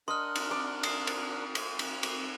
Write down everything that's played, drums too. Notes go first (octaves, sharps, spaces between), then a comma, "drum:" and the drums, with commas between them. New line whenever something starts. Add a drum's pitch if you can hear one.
D4 A#4 D#5 F#5 C6 F6
drum: cymbal
D5
D#6 C7, drum: cymbal
drum: cymbal
drum: cymbal
drum: cymbal
drum: cymbal